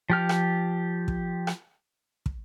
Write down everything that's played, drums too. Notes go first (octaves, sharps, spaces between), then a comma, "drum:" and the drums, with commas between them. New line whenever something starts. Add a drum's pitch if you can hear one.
F3 G4 F6
drum: rim click
drum: kick
drum: rim click
drum: kick